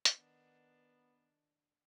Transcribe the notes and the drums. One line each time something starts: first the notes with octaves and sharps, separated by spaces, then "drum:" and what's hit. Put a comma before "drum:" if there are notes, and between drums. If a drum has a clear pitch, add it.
drum: hi-hat
D#3 B3 D4